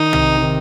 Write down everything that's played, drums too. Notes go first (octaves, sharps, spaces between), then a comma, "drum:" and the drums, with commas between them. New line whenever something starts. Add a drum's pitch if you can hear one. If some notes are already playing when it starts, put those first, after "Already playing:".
Already playing: D#3 D#4
C3, drum: tom B1
D#3